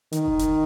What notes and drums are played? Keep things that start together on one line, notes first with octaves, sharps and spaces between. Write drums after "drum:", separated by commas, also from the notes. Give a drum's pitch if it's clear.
D#3, drum: hi-hat
drum: kick F1
drum: hi-hat